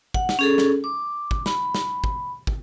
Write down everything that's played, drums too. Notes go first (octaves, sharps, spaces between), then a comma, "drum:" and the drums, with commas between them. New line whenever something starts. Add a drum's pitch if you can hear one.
F#5, drum: kick
drum: snare
C#4 G#4 A4
drum: snare
D6
drum: kick
B5, drum: snare
drum: snare
drum: kick
drum: kick